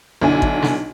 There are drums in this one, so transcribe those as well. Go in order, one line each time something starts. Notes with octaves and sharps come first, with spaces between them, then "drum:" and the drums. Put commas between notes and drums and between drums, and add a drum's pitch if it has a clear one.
B1 D3 D4 E4 G#5
drum: kick
drum: snare